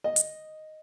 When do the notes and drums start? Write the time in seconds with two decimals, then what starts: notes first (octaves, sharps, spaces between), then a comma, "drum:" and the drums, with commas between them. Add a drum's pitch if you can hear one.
0.04 D#5
0.16 drum: hi-hat